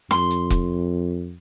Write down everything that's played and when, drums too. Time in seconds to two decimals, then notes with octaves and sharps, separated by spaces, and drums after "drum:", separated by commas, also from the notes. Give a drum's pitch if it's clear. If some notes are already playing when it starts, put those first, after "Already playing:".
0.11 F2 C6, drum: snare
0.31 drum: hi-hat
0.50 drum: kick, hi-hat